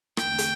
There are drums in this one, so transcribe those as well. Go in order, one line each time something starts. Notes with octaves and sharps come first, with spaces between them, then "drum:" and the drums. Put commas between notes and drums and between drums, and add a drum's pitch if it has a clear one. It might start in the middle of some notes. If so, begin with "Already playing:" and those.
E2 D3 A3 C4 G5, drum: rim click
drum: hi-hat